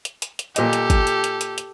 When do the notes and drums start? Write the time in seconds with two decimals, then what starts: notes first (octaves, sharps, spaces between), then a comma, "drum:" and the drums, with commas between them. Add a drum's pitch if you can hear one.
0.05 drum: hi-hat
0.22 drum: hi-hat
0.39 drum: hi-hat
0.56 A#2 G4 A4 D#5, drum: hi-hat
0.73 drum: hi-hat
0.90 drum: kick, hi-hat
1.07 drum: hi-hat
1.24 drum: hi-hat
1.41 drum: hi-hat
1.58 drum: hi-hat